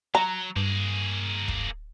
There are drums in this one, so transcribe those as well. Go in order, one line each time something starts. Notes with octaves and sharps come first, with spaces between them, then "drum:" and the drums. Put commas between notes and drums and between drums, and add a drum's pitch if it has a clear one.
F#3 A#5
G2 A#3 G#4
drum: kick